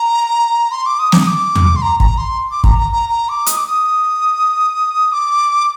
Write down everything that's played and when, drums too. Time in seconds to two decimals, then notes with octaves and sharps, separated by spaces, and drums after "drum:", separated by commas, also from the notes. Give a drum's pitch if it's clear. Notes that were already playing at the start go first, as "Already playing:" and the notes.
Already playing: A#5
0.71 C6
0.86 D6
0.99 D#6
1.12 D6, drum: snare
1.20 D#6
1.27 D6
1.55 drum: tom E2
1.76 C6
1.82 A#5
2.00 A#5, drum: kick
2.18 C6
2.51 D6
2.64 A#5, drum: kick
2.78 A#5
2.92 A#5
3.09 A#5
3.29 D6
3.46 D#6, drum: hi-hat
3.57 D6
3.67 D#6
5.12 D6